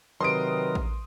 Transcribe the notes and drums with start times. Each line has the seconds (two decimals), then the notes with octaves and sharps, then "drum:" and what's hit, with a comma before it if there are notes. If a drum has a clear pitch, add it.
0.21 C3 D#3 F#3 A#4 B4 C6 D#6 D7
0.75 drum: kick A1